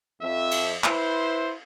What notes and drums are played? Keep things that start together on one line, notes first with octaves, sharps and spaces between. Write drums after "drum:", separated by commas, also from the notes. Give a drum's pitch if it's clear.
F2 E5
drum: cymbal
E4 B4 C5, drum: clap